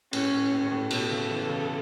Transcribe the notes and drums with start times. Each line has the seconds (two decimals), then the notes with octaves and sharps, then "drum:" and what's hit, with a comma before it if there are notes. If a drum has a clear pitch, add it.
0.13 A2 C#4, drum: cymbal
0.32 A2
0.52 A2
0.71 A2
0.91 B2 A4, drum: cymbal
1.10 C#3
1.30 E3
1.49 C#3